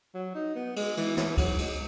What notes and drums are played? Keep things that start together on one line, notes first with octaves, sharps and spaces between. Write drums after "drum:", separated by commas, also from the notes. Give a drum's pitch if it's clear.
F#3
D#4
B3
G#3, drum: cymbal
E3, drum: cymbal
E3, drum: snare
F#3, drum: kick C#2, cymbal
G#3, drum: cymbal